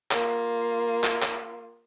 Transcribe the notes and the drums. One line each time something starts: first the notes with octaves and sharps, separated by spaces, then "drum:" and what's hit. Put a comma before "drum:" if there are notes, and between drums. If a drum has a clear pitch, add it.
A#3 F4, drum: clap
drum: clap
drum: clap